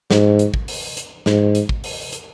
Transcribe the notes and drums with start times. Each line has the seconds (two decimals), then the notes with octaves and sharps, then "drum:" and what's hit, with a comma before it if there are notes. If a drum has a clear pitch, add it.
0.11 G#2, drum: snare
0.39 drum: hi-hat
0.54 drum: kick
0.68 drum: open hi-hat
0.97 drum: hi-hat
1.26 G#2, drum: snare
1.55 drum: hi-hat
1.69 drum: kick
1.84 drum: open hi-hat
2.13 drum: hi-hat